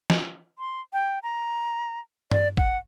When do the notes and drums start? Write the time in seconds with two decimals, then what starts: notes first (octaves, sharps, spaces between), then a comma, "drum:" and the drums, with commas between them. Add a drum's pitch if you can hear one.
0.10 drum: snare
0.59 C6
0.93 G5
1.23 A#5
2.31 D5, drum: tom G2
2.57 F#5, drum: kick